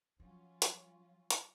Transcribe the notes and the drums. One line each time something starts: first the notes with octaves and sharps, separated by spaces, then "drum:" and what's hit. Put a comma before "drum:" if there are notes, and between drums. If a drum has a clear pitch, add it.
F3 F#3 C#4 F4
drum: hi-hat
drum: hi-hat